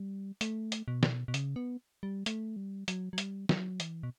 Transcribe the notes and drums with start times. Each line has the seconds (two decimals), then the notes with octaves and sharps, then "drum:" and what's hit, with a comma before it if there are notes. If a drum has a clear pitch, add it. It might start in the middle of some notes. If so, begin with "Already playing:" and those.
Already playing: G3
0.41 A3, drum: hi-hat
0.72 drum: hi-hat
0.88 B2
1.03 drum: snare
1.28 B2
1.34 C#3, drum: hi-hat
1.56 B3
2.03 G3
2.26 A3, drum: hi-hat
2.56 G3
2.88 F#3, drum: hi-hat
3.13 F#3
3.18 G3, drum: hi-hat
3.49 F#3, drum: snare
3.80 E3, drum: hi-hat
4.03 B2